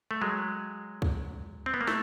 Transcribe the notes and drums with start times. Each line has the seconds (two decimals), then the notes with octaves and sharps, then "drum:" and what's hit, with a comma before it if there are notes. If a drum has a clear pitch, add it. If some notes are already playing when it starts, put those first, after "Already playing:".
0.11 A3
0.21 F#3 G#3
1.02 drum: kick C#2
1.66 C4
1.74 B3
1.81 A#3
1.87 A3, drum: snare